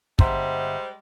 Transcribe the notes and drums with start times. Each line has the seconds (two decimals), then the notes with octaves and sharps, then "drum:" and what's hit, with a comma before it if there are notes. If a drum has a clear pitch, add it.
0.19 G1 G3 G#3 C5 E5 F#5 A#5 C6, drum: kick